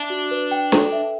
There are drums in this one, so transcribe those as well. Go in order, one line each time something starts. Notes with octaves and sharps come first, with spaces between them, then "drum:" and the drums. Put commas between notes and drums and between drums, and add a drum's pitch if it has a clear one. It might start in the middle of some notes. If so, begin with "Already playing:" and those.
Already playing: D4 E5
F#4
B4
G5
A4, drum: snare
E5